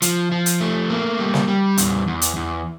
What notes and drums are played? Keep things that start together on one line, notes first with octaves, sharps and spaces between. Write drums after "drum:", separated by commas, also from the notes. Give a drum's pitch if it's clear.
F3, drum: hi-hat
F3
drum: hi-hat
A3
A#3
G3
drum: snare
G3
E2, drum: hi-hat
E2
drum: hi-hat
E2